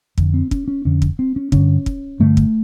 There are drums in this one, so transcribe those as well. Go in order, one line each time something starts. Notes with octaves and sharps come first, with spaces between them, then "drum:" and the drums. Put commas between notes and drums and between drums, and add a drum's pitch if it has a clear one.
F2 D3, drum: kick
C4
C#4, drum: kick
C#4
F2 D3 C#4
drum: kick
C4
C#4
G2 D3 C#4, drum: kick
drum: kick
G2 D3 A3
drum: kick